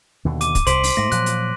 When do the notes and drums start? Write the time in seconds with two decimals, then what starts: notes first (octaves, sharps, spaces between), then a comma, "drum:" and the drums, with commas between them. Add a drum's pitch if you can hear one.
0.25 D#2 B2 D3
0.41 D6 D#7, drum: hi-hat
0.55 drum: kick, hi-hat
0.67 C2 C5 B6 D7 F#7, drum: hi-hat
0.83 drum: open hi-hat
0.97 G#2 A3 A#6
1.12 A#2 F3 F#3 F#6, drum: hi-hat
1.26 drum: hi-hat